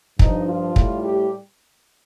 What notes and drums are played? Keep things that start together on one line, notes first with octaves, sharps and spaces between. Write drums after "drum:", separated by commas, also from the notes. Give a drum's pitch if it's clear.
G2 F3 D#4, drum: kick
F4
A2 G3, drum: kick
G4